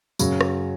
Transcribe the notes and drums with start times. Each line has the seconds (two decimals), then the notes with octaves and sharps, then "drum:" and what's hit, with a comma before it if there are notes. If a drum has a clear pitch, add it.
0.19 F#2 C#3 F#3, drum: tambourine
0.41 drum: rim click